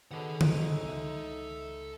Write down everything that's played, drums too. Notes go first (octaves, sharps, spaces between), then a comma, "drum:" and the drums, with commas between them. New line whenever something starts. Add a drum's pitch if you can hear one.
B2 D#3 G#4 A4 C#5 F#5
D#4, drum: tom D3
C#2 E5